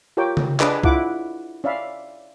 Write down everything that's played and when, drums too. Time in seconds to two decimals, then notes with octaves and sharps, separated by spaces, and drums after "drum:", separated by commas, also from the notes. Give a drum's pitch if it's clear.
0.17 F4 G4 A#4 C#5 G5 D6
0.37 drum: tom C#3
0.60 C#4 D4 G#4 B4 D#5 D6, drum: clap
0.83 E4 F4 F#5 D6, drum: kick C2
1.64 C#4 D5 E5 F5 B5